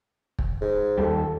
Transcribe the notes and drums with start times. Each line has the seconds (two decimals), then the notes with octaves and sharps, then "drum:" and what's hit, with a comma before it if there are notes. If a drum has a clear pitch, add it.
0.39 drum: kick
0.62 G#2
0.98 D#2 G3 A4